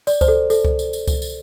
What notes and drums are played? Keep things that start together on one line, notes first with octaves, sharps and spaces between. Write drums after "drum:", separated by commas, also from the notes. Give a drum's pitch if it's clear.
D5, drum: tambourine
C5, drum: kick C#2, tambourine
A4
A4, drum: tambourine
drum: kick C#2
drum: tambourine
drum: tambourine
drum: kick C#2, tambourine
drum: tambourine